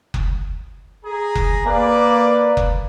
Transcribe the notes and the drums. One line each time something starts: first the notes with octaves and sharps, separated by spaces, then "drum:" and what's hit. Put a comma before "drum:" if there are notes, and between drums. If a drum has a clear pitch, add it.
drum: kick F#1
G#4 A#5
drum: kick F#1
A#3 B4 D5
drum: kick F#1